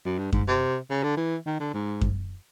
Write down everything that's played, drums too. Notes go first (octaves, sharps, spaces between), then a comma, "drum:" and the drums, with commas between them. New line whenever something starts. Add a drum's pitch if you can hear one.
F#2
G2
G#2, drum: kick F#2
C3
C#3
D3
E3
D#3
D3
G#2
drum: kick F#2